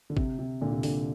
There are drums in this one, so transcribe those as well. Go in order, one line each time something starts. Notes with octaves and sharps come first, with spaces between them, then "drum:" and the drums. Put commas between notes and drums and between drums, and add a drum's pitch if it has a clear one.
D3
C3, drum: kick
C3
A#2 D3
C3
A#2 D3, drum: open hi-hat